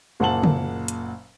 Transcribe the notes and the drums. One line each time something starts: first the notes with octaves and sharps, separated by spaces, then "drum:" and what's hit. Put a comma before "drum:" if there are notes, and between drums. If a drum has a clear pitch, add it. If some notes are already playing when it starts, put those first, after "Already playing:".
F#1 A#2 F#5 A5 F#7
drum: tom C#3
drum: hi-hat